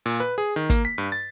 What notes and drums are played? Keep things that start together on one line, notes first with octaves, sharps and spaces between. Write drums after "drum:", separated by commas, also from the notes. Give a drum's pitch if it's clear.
A#2
B4
G#4
D#3
A#3, drum: kick, hi-hat
B6
G2
A6